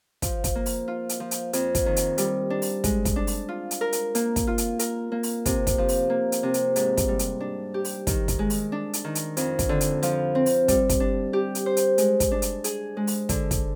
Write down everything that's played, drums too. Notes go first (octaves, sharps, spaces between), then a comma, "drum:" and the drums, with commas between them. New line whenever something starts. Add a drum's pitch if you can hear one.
F3, drum: kick, hi-hat
drum: kick, hi-hat
A#3
drum: open hi-hat
F4
drum: hi-hat
F3
drum: hi-hat
F2, drum: hi-hat
drum: kick, hi-hat
D#3
drum: hi-hat
G3, drum: hi-hat
D4
drum: open hi-hat
G#3, drum: kick, hi-hat
drum: kick, hi-hat
D4
drum: open hi-hat
F4
drum: hi-hat
A#4
drum: hi-hat
A#3, drum: hi-hat
drum: kick, hi-hat
F4
drum: hi-hat
A#4, drum: hi-hat
A#3
drum: open hi-hat
C3, drum: kick, hi-hat
drum: kick, hi-hat
F3
drum: open hi-hat
A#3
drum: hi-hat
C3
drum: hi-hat
G#2, drum: hi-hat
drum: kick, hi-hat
G3
drum: hi-hat
D4
G4
drum: open hi-hat
D#3, drum: kick, hi-hat
drum: kick, hi-hat
G#3
drum: open hi-hat
D4
drum: hi-hat
D#3
drum: hi-hat
F2, drum: hi-hat
drum: kick, hi-hat
D3
drum: hi-hat
F3, drum: hi-hat
C4
drum: open hi-hat
G3, drum: kick, hi-hat
drum: kick, hi-hat
D4
G4
drum: hi-hat
C5
drum: hi-hat
G#3, drum: hi-hat
drum: kick, hi-hat
D4
drum: hi-hat
G#4, drum: hi-hat
G#3
drum: open hi-hat
D3, drum: kick, hi-hat
drum: kick, hi-hat